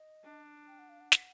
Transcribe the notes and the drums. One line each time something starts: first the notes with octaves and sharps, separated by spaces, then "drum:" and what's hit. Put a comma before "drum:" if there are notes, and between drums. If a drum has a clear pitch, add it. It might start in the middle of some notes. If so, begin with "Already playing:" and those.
Already playing: D#5
D4
G5
F#5
F5
F#5
drum: snare